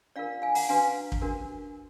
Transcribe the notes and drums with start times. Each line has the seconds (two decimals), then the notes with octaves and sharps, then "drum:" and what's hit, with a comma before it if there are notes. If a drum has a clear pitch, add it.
0.16 D4 F4 A#4 D5 F5
0.42 F5 G#5
0.55 F#5 A#5, drum: open hi-hat
0.69 D4 F#4 B4 F5 G#5
1.12 drum: kick
1.22 D4 F#4 A#4